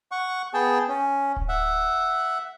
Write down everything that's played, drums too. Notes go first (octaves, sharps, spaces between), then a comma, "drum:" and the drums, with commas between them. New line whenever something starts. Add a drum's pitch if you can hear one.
F#5 C#6
B3 G#4 G5 A5
C#4
drum: kick D1
E5 F#5